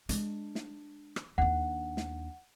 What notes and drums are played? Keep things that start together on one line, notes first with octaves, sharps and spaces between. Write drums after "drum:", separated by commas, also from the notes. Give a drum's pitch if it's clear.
G#3 D4, drum: hi-hat
drum: snare
drum: rim click
D#2 D4 F#5
drum: snare